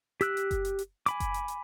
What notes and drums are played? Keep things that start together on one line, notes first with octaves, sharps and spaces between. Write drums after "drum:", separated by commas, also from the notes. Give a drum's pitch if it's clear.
G4 E6 F#6, drum: hi-hat
drum: hi-hat
drum: kick F#1, hi-hat
drum: hi-hat
drum: hi-hat
G#5 B5 D6, drum: hi-hat
drum: kick F#1, hi-hat
drum: hi-hat
drum: hi-hat